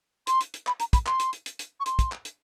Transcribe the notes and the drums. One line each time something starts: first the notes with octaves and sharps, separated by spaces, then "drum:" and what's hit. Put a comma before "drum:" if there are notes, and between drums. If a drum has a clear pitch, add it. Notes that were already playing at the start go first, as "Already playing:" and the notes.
C6, drum: hi-hat
drum: hi-hat
drum: hi-hat
B5, drum: clap
A#5, drum: hi-hat
B5, drum: kick, hi-hat
C6, drum: clap
drum: hi-hat
drum: hi-hat
drum: hi-hat
drum: hi-hat
C#6
C6, drum: hi-hat
drum: kick, hi-hat
drum: clap
drum: hi-hat